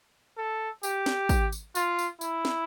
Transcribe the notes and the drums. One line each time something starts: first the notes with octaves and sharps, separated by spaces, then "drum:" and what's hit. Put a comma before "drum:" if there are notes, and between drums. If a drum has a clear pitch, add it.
A4
G4, drum: tambourine
drum: snare
drum: kick, tambourine
drum: tambourine
F4, drum: tambourine
drum: tambourine
E4, drum: tambourine
drum: snare